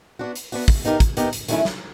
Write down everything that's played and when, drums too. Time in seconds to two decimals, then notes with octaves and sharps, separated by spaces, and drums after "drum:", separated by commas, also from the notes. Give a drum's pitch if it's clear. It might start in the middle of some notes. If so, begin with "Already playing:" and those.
0.19 B3 D4 F#4
0.35 drum: hi-hat
0.52 B3 D4 F#4, drum: open hi-hat
0.68 drum: kick, open hi-hat
0.85 B3 D#4 G4 A#4, drum: hi-hat
1.00 drum: kick, hi-hat
1.17 B3 D#4 G4 A#4, drum: hi-hat
1.33 drum: hi-hat
1.48 D#3 F#3 A3 C#4 E4, drum: hi-hat
1.65 drum: snare